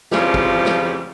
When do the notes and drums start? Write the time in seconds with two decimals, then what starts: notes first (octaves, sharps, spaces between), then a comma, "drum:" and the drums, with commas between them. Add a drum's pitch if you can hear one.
0.11 F2 G#2 C#3 E3 F3 G3, drum: snare
0.34 drum: kick
0.65 drum: snare